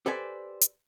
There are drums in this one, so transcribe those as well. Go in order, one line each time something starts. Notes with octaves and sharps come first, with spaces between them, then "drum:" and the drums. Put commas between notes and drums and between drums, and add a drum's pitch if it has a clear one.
G4 A4 B4 C5 D5 G#5
drum: hi-hat